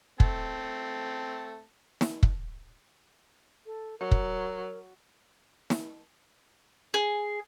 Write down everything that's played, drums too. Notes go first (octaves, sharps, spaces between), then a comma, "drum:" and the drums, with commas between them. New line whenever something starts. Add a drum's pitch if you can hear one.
A3 C4 A5, drum: kick
drum: snare
drum: kick
A4
F#3 A#4
drum: kick
drum: snare
G#4